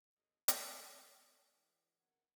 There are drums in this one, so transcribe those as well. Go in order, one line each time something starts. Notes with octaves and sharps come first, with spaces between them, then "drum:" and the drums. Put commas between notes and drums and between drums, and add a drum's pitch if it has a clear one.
G#1 F#2 C#3 F#3 A4 D#5
E2 C#5 F5 G#5, drum: hi-hat
G1 C3 G3 C#5 E5 G#5
E3 G#3 F#4
F#1 C3 A#4 C#5 F#5